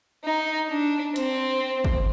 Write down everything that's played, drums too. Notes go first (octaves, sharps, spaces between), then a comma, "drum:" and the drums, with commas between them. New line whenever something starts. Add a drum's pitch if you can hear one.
D#4
D4
C4, drum: hi-hat
drum: kick